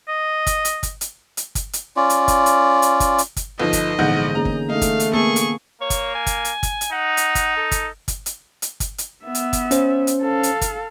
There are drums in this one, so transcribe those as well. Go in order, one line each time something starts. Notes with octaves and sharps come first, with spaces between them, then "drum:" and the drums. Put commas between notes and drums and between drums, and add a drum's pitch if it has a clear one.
D#5
drum: kick G1, hi-hat
drum: hi-hat
drum: kick G1, hi-hat
drum: hi-hat
drum: hi-hat
drum: kick G1, hi-hat
drum: hi-hat
C#4 F4 D5
drum: hi-hat
drum: kick G1, hi-hat
drum: hi-hat
drum: hi-hat
drum: kick G1, hi-hat
drum: hi-hat
drum: kick G1, hi-hat
G1 F3 D#4 A4 D#5
drum: kick G1, hi-hat
A#1 G#2 D3 E3 B3 F#5 G6
A#3 C#4 G#4 A#5
drum: kick G1
A3 D#4 F5
drum: kick G1, hi-hat
drum: hi-hat
A#3 B3 G#4 A4 C#6
drum: hi-hat
A#3 C#5
drum: kick G1, hi-hat
G#5
drum: kick G1, hi-hat
drum: hi-hat
drum: kick G1, hi-hat
drum: hi-hat
D#4 F#5
drum: hi-hat
drum: kick G1, hi-hat
A4
drum: kick G1, hi-hat
drum: kick G1, hi-hat
drum: hi-hat
drum: hi-hat
drum: kick G1, hi-hat
drum: hi-hat
B3 E5
drum: hi-hat
drum: kick G1, hi-hat
C#4 C5, drum: hi-hat
drum: hi-hat
A4 F5
drum: hi-hat
drum: kick G1, hi-hat